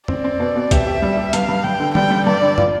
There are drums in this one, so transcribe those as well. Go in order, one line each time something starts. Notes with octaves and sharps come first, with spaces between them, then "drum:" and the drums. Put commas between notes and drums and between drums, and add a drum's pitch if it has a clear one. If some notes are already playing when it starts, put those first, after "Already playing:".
C4 D5, drum: tom F2
C4
B2
B2
G4 E5, drum: kick, hi-hat
G4
G3
G4
G2 F5, drum: hi-hat
G2
G2 G5
D3
G3 G5, drum: tom
G3
G2 D5
D3
F4, drum: tom